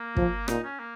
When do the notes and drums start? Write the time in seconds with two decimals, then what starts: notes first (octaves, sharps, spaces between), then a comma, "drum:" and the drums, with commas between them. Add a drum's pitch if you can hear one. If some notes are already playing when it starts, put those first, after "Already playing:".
Already playing: A#3
0.17 F3, drum: kick
0.48 A#2 D#4, drum: rim click
0.64 C#4
0.80 A#3